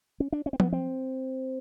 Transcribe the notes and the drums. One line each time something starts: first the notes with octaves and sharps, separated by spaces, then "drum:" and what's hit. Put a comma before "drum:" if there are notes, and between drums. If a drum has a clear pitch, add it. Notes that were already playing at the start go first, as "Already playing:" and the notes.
C#4
D4
C#4
C4
B3, drum: tom F3
C4